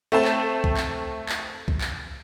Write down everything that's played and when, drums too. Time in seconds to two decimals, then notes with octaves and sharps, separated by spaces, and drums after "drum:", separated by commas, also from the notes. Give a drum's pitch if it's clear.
0.12 A3 C4 A5
0.25 drum: clap
0.64 drum: kick B1
0.77 drum: clap
1.29 drum: clap
1.68 drum: kick B1
1.81 drum: clap